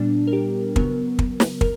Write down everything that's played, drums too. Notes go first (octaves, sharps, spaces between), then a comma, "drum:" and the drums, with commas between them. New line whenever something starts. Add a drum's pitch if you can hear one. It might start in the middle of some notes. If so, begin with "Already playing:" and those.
Already playing: A#2 G3 B3 D4
A#4
G4
C#3 F#3 B3 A#4, drum: kick
drum: kick
drum: snare
A#4, drum: kick